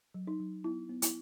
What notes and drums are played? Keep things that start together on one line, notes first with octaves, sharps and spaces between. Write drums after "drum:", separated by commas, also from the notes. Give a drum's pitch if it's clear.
F#3
D#4
F#3
B3 E4
B3
E4, drum: hi-hat